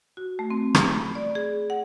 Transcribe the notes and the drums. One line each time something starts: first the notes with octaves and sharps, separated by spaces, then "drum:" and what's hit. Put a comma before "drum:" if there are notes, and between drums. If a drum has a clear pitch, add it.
F#4
A3
C4
drum: rim click
B5
D5
G#4
F#5